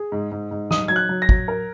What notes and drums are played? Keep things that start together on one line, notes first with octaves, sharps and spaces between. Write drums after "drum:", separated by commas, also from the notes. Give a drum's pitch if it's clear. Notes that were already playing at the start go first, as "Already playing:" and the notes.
Already playing: G#4
G#2
G#2
G#2
D#4 D#6, drum: snare
F#3 G#6
F#6
F#3
A#6
F#3, drum: kick
A#4